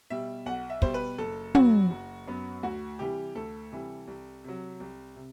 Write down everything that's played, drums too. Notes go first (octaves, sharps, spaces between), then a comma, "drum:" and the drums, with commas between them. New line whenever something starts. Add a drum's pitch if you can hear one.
B2 G3 E5
B1 F#5
E5
B2 G3 C5, drum: kick
B4
F#1 A4
F#2 F#3 B3 F#4, drum: tom
F#1
F#2 F#3 B3
D2 F#4
C3 E3 G3 G4
D2 A4
C3 E3 G3
C2
C3 F#3
C2
C3